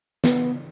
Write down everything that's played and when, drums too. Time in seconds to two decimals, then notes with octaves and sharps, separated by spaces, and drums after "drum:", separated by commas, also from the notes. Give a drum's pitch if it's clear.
0.24 B3, drum: snare